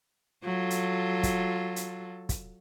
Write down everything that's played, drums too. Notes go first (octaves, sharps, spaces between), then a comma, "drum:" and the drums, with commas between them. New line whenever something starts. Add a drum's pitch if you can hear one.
F#3 F4 A4
drum: hi-hat
drum: kick, hi-hat
drum: hi-hat
drum: kick, hi-hat